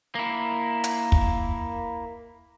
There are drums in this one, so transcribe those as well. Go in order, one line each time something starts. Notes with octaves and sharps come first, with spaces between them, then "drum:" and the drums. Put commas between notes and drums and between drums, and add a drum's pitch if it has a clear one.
A#3 E4
drum: hi-hat
drum: kick